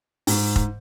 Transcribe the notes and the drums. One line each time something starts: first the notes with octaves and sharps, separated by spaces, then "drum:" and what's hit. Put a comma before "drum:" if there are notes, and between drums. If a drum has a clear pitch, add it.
G#2, drum: open hi-hat
drum: kick